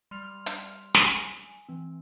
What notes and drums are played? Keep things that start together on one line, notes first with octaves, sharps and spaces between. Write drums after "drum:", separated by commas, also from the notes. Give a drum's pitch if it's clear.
G3 C6 F6 F7
drum: hi-hat
G#5, drum: snare
E3 C4